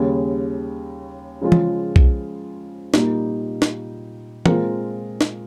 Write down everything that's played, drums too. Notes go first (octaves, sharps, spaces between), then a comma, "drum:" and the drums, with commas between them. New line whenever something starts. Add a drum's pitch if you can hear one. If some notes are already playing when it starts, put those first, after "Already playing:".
Already playing: D#2 C#3 G3 C#4
C#3 F3 G#3 C#4 F4
drum: tom E3
drum: kick
A#2 G3 A#3 D#4, drum: snare
drum: snare
A#2 G#3 C4 F4 A#4, drum: tom E3
drum: snare